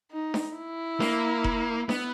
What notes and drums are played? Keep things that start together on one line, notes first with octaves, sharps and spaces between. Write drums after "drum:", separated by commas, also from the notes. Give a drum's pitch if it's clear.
D#4
drum: snare D4
E4
A#3, drum: snare D4
drum: kick F1
B3, drum: snare D4